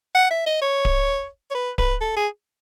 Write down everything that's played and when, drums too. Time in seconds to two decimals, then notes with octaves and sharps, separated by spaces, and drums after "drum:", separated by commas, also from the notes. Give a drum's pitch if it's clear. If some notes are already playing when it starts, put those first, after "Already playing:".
0.15 F#5
0.31 E5
0.46 D#5
0.62 C#5
0.85 drum: kick D1
1.51 C#5
1.55 B4
1.78 B4, drum: kick D1
2.01 A4
2.17 G#4